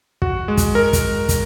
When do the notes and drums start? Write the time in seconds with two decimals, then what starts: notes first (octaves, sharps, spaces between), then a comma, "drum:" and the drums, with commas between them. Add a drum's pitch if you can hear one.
0.22 F#4, drum: kick
0.48 G#3
0.57 drum: kick, hi-hat
0.75 A#4
0.93 drum: kick, hi-hat
1.29 drum: kick, hi-hat